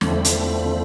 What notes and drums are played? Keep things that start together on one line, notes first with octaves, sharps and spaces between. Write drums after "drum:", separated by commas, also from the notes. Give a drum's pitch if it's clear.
E2 D3 F3 A3 C4 B5, drum: snare
drum: hi-hat